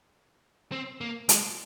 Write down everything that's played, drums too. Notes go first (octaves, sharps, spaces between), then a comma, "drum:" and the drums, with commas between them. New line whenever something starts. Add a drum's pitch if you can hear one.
C4
A#3
G#3, drum: hi-hat